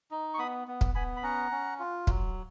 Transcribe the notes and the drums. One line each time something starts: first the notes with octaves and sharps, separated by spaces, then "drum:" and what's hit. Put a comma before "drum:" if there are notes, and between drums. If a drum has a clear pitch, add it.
D#4
C#6
B3 B5 D#6
B3
drum: kick
B3 G#5 B5
B5
C#4 F#5 A#5
C#4
F4
F#3, drum: kick